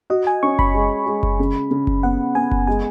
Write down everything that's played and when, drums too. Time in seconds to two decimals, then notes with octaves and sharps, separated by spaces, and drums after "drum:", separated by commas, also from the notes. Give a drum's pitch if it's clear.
0.10 F#4 D#5
0.27 G#5
0.43 C#4 C#6
0.59 B5, drum: kick F#1
0.74 G#3
1.06 G#3
1.23 drum: kick F#1
1.39 C#3
1.71 C#3
1.87 drum: kick F#1
2.03 B3 F#5
2.35 B3 G#5
2.51 drum: kick F#1
2.67 G#3 G#5